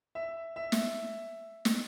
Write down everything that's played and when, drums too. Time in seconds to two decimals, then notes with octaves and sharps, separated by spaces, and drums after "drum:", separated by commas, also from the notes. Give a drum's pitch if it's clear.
0.15 E5
0.56 E5
0.72 drum: snare
1.65 drum: snare